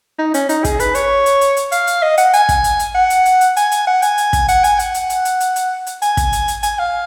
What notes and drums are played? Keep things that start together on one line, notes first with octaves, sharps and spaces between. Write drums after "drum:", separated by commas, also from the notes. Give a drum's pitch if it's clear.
D#4
C#4, drum: hi-hat
D#4, drum: hi-hat
G#4, drum: kick, hi-hat
B4, drum: hi-hat
C#5, drum: hi-hat
drum: hi-hat
drum: hi-hat
drum: hi-hat
F5, drum: hi-hat
drum: hi-hat
D#5
F#5, drum: hi-hat
G#5, drum: hi-hat
drum: kick, hi-hat
drum: hi-hat
drum: hi-hat
F#5
drum: hi-hat
drum: hi-hat
drum: hi-hat
G#5, drum: hi-hat
drum: hi-hat
F#5
G#5, drum: hi-hat
drum: hi-hat
drum: kick, hi-hat
F#5, drum: hi-hat
G#5, drum: hi-hat
F#5, drum: hi-hat
drum: hi-hat
drum: hi-hat
drum: hi-hat
drum: hi-hat
drum: hi-hat
drum: hi-hat
G#5, drum: hi-hat
drum: kick, hi-hat
drum: hi-hat
drum: hi-hat
G#5, drum: hi-hat
F5